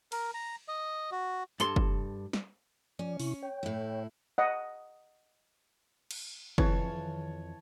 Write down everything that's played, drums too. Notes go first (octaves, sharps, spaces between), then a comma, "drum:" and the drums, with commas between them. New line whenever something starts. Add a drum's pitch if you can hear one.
A#4, drum: cymbal
A#5
D#5
F#4
G2 A4 C6, drum: hi-hat
drum: kick
drum: snare
F3 C#4 D5
C3 E4 C#6, drum: open hi-hat
C#5 G5
A2 E4
D#5 F#5
drum: cymbal
F2 D#3 E3 C#5 A5, drum: kick